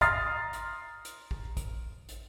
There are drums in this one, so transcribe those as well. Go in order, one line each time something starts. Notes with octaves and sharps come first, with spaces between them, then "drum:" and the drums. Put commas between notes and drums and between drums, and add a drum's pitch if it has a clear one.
A#5 C6 D#6 F6 A6 C7, drum: kick, hi-hat
drum: hi-hat
drum: hi-hat
drum: kick
drum: kick, hi-hat
drum: hi-hat